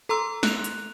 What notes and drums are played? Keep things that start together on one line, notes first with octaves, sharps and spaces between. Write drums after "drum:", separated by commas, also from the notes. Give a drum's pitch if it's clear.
A4 A#5 C6 E6
F#6 F7, drum: snare
drum: hi-hat